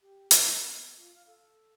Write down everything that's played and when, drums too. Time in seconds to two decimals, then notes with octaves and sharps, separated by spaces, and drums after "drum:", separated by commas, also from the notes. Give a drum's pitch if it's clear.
0.02 G4
0.31 B3, drum: hi-hat
0.97 F4
1.15 F5
1.27 A4